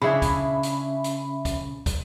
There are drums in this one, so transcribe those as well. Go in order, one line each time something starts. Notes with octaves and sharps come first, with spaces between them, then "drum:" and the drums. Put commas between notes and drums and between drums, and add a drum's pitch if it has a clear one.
C#3 D4 E4 G#4 E5 B5
drum: kick, hi-hat
drum: hi-hat
drum: hi-hat
drum: kick, hi-hat
drum: kick, hi-hat